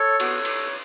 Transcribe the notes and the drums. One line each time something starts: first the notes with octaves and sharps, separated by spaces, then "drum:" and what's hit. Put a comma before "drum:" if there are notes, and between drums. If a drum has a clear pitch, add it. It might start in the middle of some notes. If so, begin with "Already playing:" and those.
Already playing: A4 C#5
B3 F#4, drum: cymbal
drum: cymbal